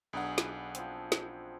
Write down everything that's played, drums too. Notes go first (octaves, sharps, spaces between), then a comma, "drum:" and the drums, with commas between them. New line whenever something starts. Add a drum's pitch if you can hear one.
B1 D4 G#4 B4 F#5 A#5
drum: snare
F3 C4, drum: hi-hat
drum: snare